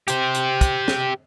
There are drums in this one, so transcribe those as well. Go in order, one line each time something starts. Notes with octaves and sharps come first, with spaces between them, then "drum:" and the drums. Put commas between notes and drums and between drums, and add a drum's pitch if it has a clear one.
G4 C5, drum: hi-hat
drum: hi-hat
drum: kick, hi-hat
drum: snare